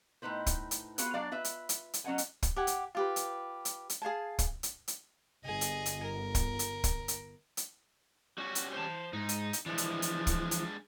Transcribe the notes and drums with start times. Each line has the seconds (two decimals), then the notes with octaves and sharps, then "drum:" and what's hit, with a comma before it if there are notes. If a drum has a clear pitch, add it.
0.22 A2 E3 D#4 B4 C5
0.46 drum: kick, hi-hat
0.71 drum: hi-hat
0.98 B3 F4 F#4 G#4 B4, drum: hi-hat
1.13 F#3 D4 D5 F5
1.32 F4 B4 E5
1.45 drum: hi-hat
1.69 drum: hi-hat
1.94 drum: hi-hat
2.04 F#3 C#4 D#5 F#5 G#5
2.18 drum: hi-hat
2.43 drum: kick, hi-hat
2.56 G4 F#5 G#5
2.67 drum: hi-hat
2.95 F4 G4 B4
3.16 drum: hi-hat
3.65 drum: hi-hat
3.90 drum: hi-hat
4.02 G#4 F5 G#5 A5
4.39 drum: kick, hi-hat
4.63 drum: hi-hat
4.88 drum: hi-hat
5.44 G1 G#4 D#5
5.61 drum: hi-hat
5.86 drum: hi-hat
6.03 A#4
6.35 drum: kick, hi-hat
6.59 drum: hi-hat
6.84 drum: kick, hi-hat
7.08 drum: hi-hat
7.57 drum: hi-hat
8.38 G3 C#4 F#4
8.55 drum: hi-hat
8.73 C5 A5
9.13 G#2 D#4
9.29 drum: hi-hat
9.53 drum: hi-hat
9.66 E3 F3 G#3 D4
9.78 drum: hi-hat
10.02 drum: hi-hat
10.27 drum: kick, hi-hat
10.51 drum: hi-hat